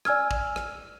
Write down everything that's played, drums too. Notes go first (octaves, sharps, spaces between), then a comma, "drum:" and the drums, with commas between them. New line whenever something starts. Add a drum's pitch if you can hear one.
D5 G#5 E6 F6 G#6, drum: rim click
drum: kick
drum: rim click